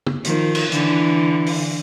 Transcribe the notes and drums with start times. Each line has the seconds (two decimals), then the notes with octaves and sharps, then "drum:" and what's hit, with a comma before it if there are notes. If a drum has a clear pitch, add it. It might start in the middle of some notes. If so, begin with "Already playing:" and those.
0.06 drum: tom
0.24 D#3 F3, drum: hi-hat
0.55 drum: cymbal
0.72 D3 E3, drum: hi-hat
1.46 drum: open hi-hat